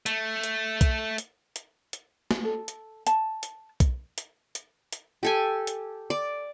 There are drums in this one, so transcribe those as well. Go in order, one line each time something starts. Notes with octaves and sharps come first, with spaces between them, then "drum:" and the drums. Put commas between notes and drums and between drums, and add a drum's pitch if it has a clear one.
A3, drum: hi-hat
drum: hi-hat
drum: kick B1, hi-hat
drum: hi-hat
drum: hi-hat
drum: hi-hat
drum: snare A#3
A4
drum: hi-hat
A5, drum: hi-hat
drum: hi-hat
drum: kick B1, hi-hat
drum: hi-hat
drum: hi-hat
drum: hi-hat
G4 A4 G#5
drum: hi-hat
D5